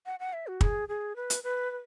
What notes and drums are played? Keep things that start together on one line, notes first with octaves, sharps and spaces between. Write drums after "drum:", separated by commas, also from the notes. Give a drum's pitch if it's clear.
F#5
F#5
E5
F#4
G#4, drum: kick
G#4
B4
drum: hi-hat
B4
B4